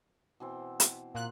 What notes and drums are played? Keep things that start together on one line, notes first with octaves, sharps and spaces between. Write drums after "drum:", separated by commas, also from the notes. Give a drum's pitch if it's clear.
B2 E3 C4
drum: hi-hat
A#2 F4 F#6